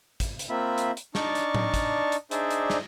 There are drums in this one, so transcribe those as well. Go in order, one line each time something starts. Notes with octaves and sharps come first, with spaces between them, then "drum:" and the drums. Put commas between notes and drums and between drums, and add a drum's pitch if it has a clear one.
drum: kick, hi-hat
drum: hi-hat
A#3 C4 F4 E5 B5
drum: hi-hat
drum: hi-hat
D4 D#4 D5 A5 C#6 F6, drum: snare
drum: hi-hat
drum: tom A2
drum: kick, hi-hat
drum: hi-hat
D4 D#4 G#4 C5 D5 E5, drum: hi-hat
drum: hi-hat
drum: snare